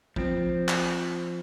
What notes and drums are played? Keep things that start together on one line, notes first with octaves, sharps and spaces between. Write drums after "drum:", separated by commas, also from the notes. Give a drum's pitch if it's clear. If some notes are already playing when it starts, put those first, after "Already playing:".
F3 C4, drum: kick
drum: clap